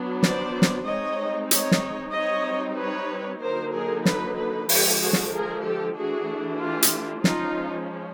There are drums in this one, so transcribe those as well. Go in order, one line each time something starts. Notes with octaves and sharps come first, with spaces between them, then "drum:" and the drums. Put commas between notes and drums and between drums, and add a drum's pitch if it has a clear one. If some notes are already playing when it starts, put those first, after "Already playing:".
Already playing: F#3 B3 D4
C5 D5, drum: snare
drum: snare
G#3 C4 D#4 C#5 D#5
C#5 D#5, drum: hi-hat
drum: snare
G3 C4 D#4 C#5 D#5
B4 C#5
D3 F#3 A#3 D#4 A#4 C5
G#4 A#4
A4 B4, drum: snare
A4 B4
D3 F3 G#3 G4 A4, drum: open hi-hat
F#4 G#4
drum: snare
G#4 A#4
G4 A4
E3 A3 D4 F#4 G#4
F4 G4
drum: hi-hat
F3 G#3 C#4 D#4 F4, drum: snare